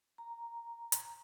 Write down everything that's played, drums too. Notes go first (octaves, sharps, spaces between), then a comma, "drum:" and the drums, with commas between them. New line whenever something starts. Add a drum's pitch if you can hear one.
A#5
drum: hi-hat